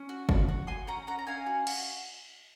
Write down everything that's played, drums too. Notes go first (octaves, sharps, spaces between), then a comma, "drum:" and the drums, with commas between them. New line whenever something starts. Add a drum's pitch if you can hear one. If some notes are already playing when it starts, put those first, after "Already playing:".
Already playing: C#4
F#4
F#4, drum: kick G1
F#4
F#4 G#5 C6
C#4 F#5 A#5
C#4 F#5 A#5
A#5
C#4 F5 G#5
F#4
F#4, drum: cymbal